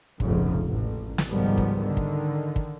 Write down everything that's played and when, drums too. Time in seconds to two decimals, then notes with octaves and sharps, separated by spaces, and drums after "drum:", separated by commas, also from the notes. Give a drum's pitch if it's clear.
0.20 F1 A#1 G#2 C#3, drum: kick
0.68 A1
1.18 drum: snare
1.29 C#2 G#2 D#3 F3 G3 B3
1.58 drum: kick
1.81 D3 D#3
1.97 drum: kick
2.56 drum: kick